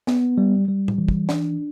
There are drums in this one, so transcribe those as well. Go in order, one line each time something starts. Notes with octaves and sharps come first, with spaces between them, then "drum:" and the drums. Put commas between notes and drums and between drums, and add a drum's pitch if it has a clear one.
B3, drum: snare
G3
G3
drum: tom A2
E3
drum: kick
D4, drum: snare